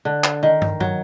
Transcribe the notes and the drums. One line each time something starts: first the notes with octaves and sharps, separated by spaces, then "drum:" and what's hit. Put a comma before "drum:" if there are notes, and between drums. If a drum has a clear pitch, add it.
D3
drum: clap
D#3
drum: tom
F#3, drum: tom